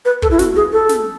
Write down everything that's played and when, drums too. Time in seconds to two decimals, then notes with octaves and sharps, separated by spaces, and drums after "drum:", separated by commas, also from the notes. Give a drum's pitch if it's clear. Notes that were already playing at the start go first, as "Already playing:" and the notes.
0.05 B4
0.22 A4, drum: kick
0.31 E4
0.39 F#4, drum: snare
0.56 G#4
0.72 A4
0.89 drum: snare